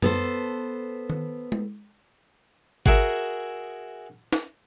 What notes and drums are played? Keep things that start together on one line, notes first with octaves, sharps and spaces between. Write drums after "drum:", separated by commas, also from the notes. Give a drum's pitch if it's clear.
B3 A4 C5, drum: tom F#2
drum: tom D#3
drum: tom G#3
F#4 G#4 A#4 E5, drum: kick G#1
drum: snare